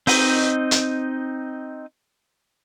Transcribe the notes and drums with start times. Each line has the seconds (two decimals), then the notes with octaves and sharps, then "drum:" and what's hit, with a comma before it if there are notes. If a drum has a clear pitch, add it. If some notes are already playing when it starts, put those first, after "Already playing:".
0.07 C4 D#4 D#5, drum: open hi-hat
0.71 drum: hi-hat